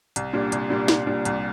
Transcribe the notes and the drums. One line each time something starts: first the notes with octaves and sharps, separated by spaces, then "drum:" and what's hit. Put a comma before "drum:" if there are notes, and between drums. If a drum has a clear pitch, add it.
C2, drum: hi-hat
A#2 G3 D4
C2, drum: hi-hat
A#2 G3 D4
C2, drum: snare
A#2 G3 D4
C2, drum: hi-hat